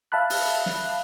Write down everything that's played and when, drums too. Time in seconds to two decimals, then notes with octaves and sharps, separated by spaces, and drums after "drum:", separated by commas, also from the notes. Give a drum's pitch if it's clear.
0.12 E5 F5 A5 B5 F#6
0.30 drum: open hi-hat
0.66 drum: snare